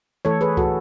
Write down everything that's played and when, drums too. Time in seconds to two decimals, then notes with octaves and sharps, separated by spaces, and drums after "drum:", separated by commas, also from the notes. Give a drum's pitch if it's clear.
0.25 E3 A3 A4 C#5
0.41 G#4 B4
0.57 F#4 A4, drum: kick